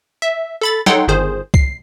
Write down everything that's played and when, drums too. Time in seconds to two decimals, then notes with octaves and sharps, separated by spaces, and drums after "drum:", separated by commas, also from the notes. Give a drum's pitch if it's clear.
0.22 E5
0.61 A4 B5 A6
0.86 D#4 A4 C#5 F#5 G5 C6, drum: snare
1.08 G1 D#3 G#4 C5
1.54 C7, drum: kick C2